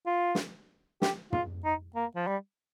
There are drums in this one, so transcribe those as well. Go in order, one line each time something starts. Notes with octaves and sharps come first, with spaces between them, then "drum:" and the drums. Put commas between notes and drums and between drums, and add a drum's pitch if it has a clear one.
F4
drum: snare
G4, drum: snare
F4, drum: tom
D#4
A#3
F3
G3